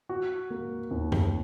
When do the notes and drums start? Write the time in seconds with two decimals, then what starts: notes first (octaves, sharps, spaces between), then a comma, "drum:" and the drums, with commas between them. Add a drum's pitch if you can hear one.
0.09 F#4
0.50 A#3
0.91 D#2
1.12 drum: tom F#2